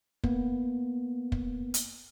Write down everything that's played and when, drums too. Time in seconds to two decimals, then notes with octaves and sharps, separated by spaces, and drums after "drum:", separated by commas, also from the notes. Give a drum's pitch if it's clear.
0.24 A#3 B3, drum: kick
1.32 drum: kick
1.74 drum: hi-hat